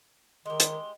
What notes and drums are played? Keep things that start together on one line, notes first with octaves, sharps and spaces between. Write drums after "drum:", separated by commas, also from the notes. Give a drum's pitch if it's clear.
D#3 G#3 G4 C6
drum: hi-hat